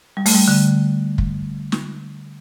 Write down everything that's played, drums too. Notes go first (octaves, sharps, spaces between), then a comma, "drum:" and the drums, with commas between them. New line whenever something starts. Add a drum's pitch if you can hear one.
G3
A3, drum: open hi-hat
G3
D3
drum: kick
drum: snare